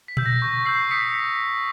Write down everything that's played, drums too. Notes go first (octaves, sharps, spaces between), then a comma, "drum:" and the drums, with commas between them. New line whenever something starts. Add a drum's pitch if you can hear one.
B6
E6 G6, drum: tom A#2
A#6
C#6 A#6
E6 G6 C7
D#6 B6 C#7